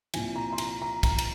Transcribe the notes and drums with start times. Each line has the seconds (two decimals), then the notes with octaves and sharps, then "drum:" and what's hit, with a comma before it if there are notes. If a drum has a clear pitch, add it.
0.14 C2 A#2 F3 G#5, drum: cymbal
0.36 A#5
0.53 C6
0.58 A#5, drum: cymbal
0.82 A#5
1.03 A#5, drum: kick, cymbal
1.18 drum: cymbal